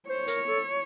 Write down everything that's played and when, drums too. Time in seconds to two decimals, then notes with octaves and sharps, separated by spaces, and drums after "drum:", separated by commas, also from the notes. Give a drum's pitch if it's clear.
0.09 C5 C#5
0.28 A#4, drum: hi-hat
0.47 A4